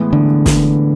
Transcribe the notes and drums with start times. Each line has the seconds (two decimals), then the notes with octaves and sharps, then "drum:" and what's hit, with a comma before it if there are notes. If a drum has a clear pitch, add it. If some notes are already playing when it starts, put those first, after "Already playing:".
Already playing: A2 E3 G#3 B3
0.13 D3
0.46 drum: snare